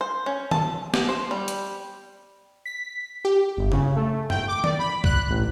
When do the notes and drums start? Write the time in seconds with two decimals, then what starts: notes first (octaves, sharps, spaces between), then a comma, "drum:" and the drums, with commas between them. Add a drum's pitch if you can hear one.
0.01 C5
0.26 C#4
0.51 A5, drum: tom D#3
0.94 drum: snare
1.09 C5
1.31 G3
1.48 drum: hi-hat
2.66 B6
3.25 G4
3.57 G1
3.72 C#3, drum: tom F#2
3.95 A3
4.30 G5, drum: tom F#2
4.48 D6
4.64 D5, drum: tom D#3
4.79 B5
5.04 F#6, drum: kick C2
5.29 A1